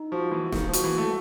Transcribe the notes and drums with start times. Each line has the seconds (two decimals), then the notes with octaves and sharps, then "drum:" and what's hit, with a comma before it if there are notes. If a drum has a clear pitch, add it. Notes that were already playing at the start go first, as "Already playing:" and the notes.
Already playing: D#4
0.12 F3 F#4
0.31 E3 A#3
0.52 D#3 A#3, drum: snare
0.68 F3
0.73 F#4, drum: hi-hat
0.84 E3
0.94 A3 A#3